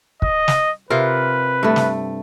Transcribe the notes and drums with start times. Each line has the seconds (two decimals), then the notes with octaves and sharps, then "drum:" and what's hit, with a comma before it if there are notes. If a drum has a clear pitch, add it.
0.22 D#5, drum: kick
0.48 drum: snare
0.90 C3 F4 A#4 B4
1.63 G2 A3
1.76 drum: snare